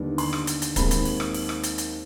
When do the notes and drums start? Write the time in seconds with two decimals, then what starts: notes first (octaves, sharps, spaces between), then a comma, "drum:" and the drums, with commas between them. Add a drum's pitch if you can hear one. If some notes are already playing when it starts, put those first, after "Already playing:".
Already playing: D#2 D3 G3 B3
0.18 C6, drum: open hi-hat
0.33 drum: rim click
0.47 drum: hi-hat
0.62 drum: hi-hat
0.76 D#2 D#3 G#3 C4 B5, drum: kick, hi-hat
0.91 drum: hi-hat
1.05 drum: open hi-hat
1.20 drum: rim click
1.34 drum: open hi-hat
1.49 drum: rim click
1.63 drum: hi-hat
1.78 drum: hi-hat